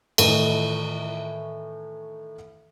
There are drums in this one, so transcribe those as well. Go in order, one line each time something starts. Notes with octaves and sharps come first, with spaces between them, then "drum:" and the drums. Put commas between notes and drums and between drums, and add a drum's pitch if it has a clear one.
A2 D#3 E3 A3 D#4, drum: cymbal